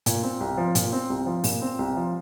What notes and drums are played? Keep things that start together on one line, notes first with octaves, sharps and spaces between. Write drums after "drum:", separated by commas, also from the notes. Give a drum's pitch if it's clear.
A#2, drum: hi-hat
C4
C2
F3
A#2, drum: hi-hat
C4
C2
F3
A#2, drum: open hi-hat
C4
C2
F3